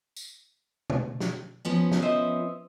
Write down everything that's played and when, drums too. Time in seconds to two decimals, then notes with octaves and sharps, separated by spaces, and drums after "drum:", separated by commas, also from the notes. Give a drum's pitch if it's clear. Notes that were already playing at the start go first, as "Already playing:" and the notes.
0.17 drum: tambourine
0.90 drum: tom B2
1.20 drum: snare
1.65 F3 B3 C#4
1.92 drum: snare
2.02 C5 D#5 E5